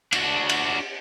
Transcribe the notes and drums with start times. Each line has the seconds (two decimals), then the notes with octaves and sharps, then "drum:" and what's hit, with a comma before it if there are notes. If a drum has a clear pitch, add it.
0.12 D4 F#4, drum: cymbal
0.49 drum: cymbal